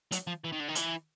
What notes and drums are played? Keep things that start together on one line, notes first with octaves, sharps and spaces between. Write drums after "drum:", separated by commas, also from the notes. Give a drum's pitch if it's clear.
F#3, drum: hi-hat
F3
E3
D#3
D3
D#3
E3, drum: hi-hat